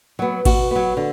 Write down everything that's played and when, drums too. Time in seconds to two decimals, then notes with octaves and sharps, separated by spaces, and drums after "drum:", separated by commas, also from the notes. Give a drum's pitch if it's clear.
0.19 F#3 B3
0.45 B2 F#4, drum: kick G#1, cymbal
0.71 F#3 B3
0.97 D3